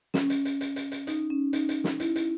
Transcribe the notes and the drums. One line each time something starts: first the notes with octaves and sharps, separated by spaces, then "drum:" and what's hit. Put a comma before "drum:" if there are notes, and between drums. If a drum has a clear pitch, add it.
C#4, drum: snare
drum: hi-hat
drum: hi-hat
drum: hi-hat
drum: hi-hat
drum: hi-hat
D#4, drum: hi-hat
C#4
D#4, drum: hi-hat
drum: hi-hat
drum: snare
E4, drum: hi-hat
E4, drum: hi-hat